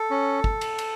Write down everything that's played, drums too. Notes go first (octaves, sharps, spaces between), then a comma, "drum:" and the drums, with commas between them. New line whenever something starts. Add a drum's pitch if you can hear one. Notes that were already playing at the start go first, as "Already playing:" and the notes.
Already playing: A4
C#4
drum: kick
drum: cymbal
drum: cymbal